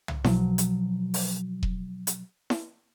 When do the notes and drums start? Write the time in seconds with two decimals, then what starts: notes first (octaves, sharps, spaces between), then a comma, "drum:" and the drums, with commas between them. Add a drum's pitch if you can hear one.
0.08 drum: tom
0.24 B2 F3 F#3, drum: snare E4
0.58 drum: hi-hat
1.14 drum: open hi-hat
1.63 drum: kick E1
2.07 drum: hi-hat
2.50 drum: snare E4